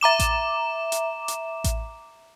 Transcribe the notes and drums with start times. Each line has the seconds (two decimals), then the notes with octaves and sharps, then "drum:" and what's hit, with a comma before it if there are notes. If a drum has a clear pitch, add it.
0.01 E5 A#5 D6 E7
0.19 drum: kick A1, hi-hat
0.92 drum: hi-hat
1.28 drum: hi-hat
1.64 drum: kick A1, hi-hat